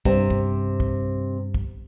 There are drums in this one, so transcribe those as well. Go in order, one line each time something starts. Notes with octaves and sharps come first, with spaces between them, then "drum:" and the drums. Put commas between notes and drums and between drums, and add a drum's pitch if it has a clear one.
G2 C3, drum: kick
drum: kick
drum: kick
drum: kick